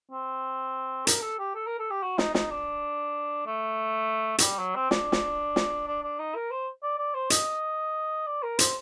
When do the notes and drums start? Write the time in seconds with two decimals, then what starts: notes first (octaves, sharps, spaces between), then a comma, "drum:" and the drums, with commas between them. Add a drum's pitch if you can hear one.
0.11 C4
1.07 A#4, drum: hi-hat
1.23 A4
1.39 G4
1.55 A4
1.67 A#4
1.79 A4
1.91 G4
2.03 F#4
2.18 D#4, drum: snare
2.35 D#4, drum: snare
2.51 D4
3.47 A3
4.38 F#3, drum: hi-hat
4.43 G3
4.59 F#3
4.75 C4
4.91 D4, drum: snare
5.12 drum: snare
5.56 drum: snare
5.87 D4
6.03 D4
6.19 D#4
6.35 A#4
6.51 C5
6.83 D5
6.98 D5
7.15 C5
7.30 D#5, drum: hi-hat
8.27 D5
8.43 A#4
8.59 C5, drum: hi-hat